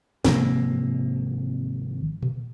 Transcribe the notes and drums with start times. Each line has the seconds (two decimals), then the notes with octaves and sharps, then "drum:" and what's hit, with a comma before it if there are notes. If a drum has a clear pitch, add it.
0.25 G#1 C3 F3 A#3, drum: snare
2.23 drum: tom A#2